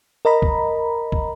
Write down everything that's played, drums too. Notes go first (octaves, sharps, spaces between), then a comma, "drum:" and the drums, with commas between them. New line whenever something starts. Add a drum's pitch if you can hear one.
A#4 D#5 A#5 B5
drum: kick
drum: kick